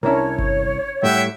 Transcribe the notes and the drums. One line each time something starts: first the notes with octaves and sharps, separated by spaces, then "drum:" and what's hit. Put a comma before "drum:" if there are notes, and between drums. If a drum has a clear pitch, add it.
C2 C#4 D4 E4 A#4 C#5
drum: kick G1
A2 G3 E5 F#5 G5